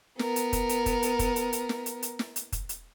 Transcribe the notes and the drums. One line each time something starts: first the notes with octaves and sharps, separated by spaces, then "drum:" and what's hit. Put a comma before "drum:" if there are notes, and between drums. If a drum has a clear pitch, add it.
B3 A#4, drum: snare
drum: hi-hat
drum: kick, hi-hat
drum: hi-hat
drum: kick, hi-hat
drum: hi-hat
drum: kick, hi-hat
drum: hi-hat
drum: hi-hat
drum: snare
drum: hi-hat
drum: hi-hat
drum: snare
drum: hi-hat
drum: kick, hi-hat
drum: hi-hat